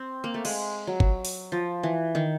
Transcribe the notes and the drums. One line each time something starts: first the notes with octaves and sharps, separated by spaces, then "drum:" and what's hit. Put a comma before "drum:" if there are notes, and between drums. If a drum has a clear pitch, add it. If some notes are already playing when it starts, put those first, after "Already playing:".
Already playing: C4
A#3
A3
G#3, drum: cymbal
F#3
drum: kick
drum: open hi-hat
F3
E3
D#3